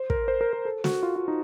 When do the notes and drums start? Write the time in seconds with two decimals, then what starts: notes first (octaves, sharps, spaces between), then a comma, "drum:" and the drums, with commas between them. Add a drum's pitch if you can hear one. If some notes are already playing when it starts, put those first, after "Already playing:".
Already playing: C5
0.10 A#4, drum: kick
0.28 C5
0.41 A#4
0.53 A#4
0.65 A4
0.84 F#4, drum: snare
1.03 F4
1.16 F4
1.28 D#4